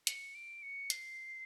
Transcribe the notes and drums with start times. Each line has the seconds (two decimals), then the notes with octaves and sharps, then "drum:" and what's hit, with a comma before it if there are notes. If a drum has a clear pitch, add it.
0.07 C#7, drum: hi-hat
0.35 D7
0.63 C#7
0.90 C7, drum: hi-hat